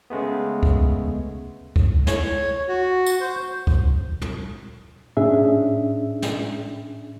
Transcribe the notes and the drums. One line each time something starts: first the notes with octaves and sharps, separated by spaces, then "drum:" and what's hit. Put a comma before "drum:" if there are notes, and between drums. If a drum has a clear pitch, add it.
C#3 G#3 A3 B3
drum: kick C#2
drum: kick C#2
C#5, drum: snare
F#4
drum: tambourine
C5
drum: kick C#2
drum: tom
A2 C#4 D4 G#4 E5
drum: snare